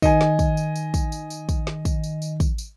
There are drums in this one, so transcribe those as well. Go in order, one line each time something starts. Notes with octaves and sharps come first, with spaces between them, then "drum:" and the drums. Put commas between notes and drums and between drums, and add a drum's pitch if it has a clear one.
D#3 D#5 G#5, drum: kick, tambourine
drum: snare
drum: kick, tambourine
drum: tambourine
drum: tambourine
drum: kick, tambourine
drum: tambourine
drum: tambourine
drum: kick, tambourine
drum: snare
drum: kick, tambourine
drum: tambourine
drum: tambourine
drum: kick, tambourine
drum: tambourine